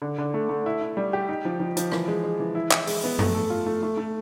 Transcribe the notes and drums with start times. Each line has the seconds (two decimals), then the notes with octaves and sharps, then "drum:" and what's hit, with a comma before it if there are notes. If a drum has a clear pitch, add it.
0.02 D3
0.18 D3
0.34 A3
0.49 A3
0.66 E4
0.81 E4
0.97 G3
1.13 G4
1.29 D#4
1.45 F3
1.60 F3
1.77 F3, drum: hi-hat
1.92 E3, drum: rim click
2.08 G#3
2.24 G#3
2.40 E3
2.55 E4
2.71 E4, drum: clap
2.87 G#3, drum: open hi-hat
3.04 B3
3.19 A3, drum: tom F#2
3.35 A4
3.50 F4
3.66 A3
3.83 A3
3.97 A3